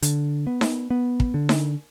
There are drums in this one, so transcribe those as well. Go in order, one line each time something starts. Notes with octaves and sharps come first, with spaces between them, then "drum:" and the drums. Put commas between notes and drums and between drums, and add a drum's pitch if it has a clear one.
D3, drum: hi-hat
B3
drum: snare D#4
B3
drum: kick
D3
drum: snare D#4